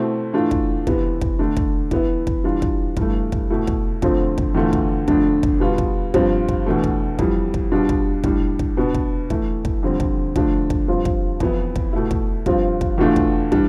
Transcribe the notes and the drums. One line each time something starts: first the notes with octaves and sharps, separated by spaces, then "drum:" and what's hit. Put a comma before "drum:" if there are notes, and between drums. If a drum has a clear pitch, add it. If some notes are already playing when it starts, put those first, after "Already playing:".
Already playing: B2 A3 C4 E4
E3 A3 D4 F4
drum: kick
C3 E3 B3, drum: kick
drum: kick
D3 A3 D4
drum: kick
E3 B3 E4, drum: kick
drum: kick
E3 G3 D4 F4
drum: kick
G2 E3 A3, drum: kick
drum: kick
B2 A3 E4
drum: kick
F2 D3 F3 A3 C4, drum: kick
drum: kick
E2 D3 A3 D4 F4
drum: kick
F2 D3 A3 D4, drum: kick
drum: kick
B2 G3 B3 F4
drum: kick
G2 F3 C4 F4, drum: kick
drum: kick
E2 B2 A3 D4
drum: kick
F2 E3 G3, drum: kick
drum: kick
B2 G3 D4 F4
drum: kick
A2 G3 D4, drum: kick
drum: kick
B2 B3 D4
drum: kick
E3 A3 E4, drum: kick
drum: kick
F2 D3 G3 C4
drum: kick
D3 F3 A3 D4, drum: kick
drum: kick
G2 F3 C4 F4
drum: kick
F2 E3 B3 E4, drum: kick
drum: kick
B2 A3 E4
drum: kick
G2 F3 C4 F4, drum: kick
drum: kick
E2 B2 A3 D4 F4
drum: kick
E3 G3 D4, drum: kick